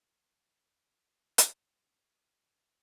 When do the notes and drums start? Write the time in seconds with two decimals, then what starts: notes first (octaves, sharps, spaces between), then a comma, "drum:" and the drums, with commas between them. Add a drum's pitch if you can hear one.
0.22 F#3 A3 B3 C5 C#6
1.38 drum: hi-hat